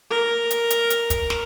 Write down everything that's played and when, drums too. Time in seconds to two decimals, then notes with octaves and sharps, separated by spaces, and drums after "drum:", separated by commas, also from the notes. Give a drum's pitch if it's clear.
0.10 A#4
0.51 drum: hi-hat
0.70 drum: hi-hat
0.90 drum: hi-hat
1.10 drum: kick, hi-hat
1.30 drum: snare